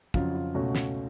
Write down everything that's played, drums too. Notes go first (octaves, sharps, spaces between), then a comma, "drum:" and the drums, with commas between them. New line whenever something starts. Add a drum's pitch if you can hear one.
F2 C#3 F#3 F4, drum: kick
F4
C#2 B2 A3 C#4 F#4
drum: snare